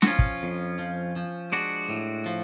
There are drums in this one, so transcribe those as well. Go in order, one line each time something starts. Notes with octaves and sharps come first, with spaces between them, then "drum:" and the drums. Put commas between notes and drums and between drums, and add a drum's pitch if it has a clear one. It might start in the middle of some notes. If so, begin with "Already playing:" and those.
F#4, drum: snare
F3 C#4 F4
drum: kick
F2
F3
F3
G#3 D4 F#4
A2
F3